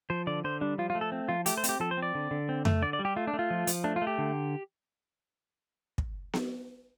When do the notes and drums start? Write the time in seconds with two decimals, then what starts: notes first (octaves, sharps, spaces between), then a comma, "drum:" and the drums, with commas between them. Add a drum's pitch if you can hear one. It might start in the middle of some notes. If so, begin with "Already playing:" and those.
0.10 F3 C5
0.27 D3 D5
0.44 D3 C5
0.61 G3 D4
0.78 F3 F4
0.90 F4
0.95 A3
1.01 A4
1.12 C4
1.29 F3 F4
1.46 A3 G4, drum: hi-hat
1.57 C5
1.64 C4, drum: hi-hat
1.69 G4
1.80 F3 A4
1.91 C5
1.97 C4
2.03 D5
2.15 D3
2.31 D3
2.49 C4
2.65 A3, drum: tom F2
2.82 D3 D5
2.93 D5
2.99 G3
3.05 G4
3.16 A3 F4
3.27 D4
3.34 A3
3.39 F4
3.51 F3
3.67 F3, drum: hi-hat
3.84 A3 D4
3.96 F4
4.02 A3
4.07 G4
4.18 D3
5.98 drum: kick
6.33 drum: snare B3